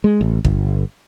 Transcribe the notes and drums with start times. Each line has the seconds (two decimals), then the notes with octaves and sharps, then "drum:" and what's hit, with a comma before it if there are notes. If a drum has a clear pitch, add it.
0.04 G#3
0.21 A1
0.45 G1, drum: kick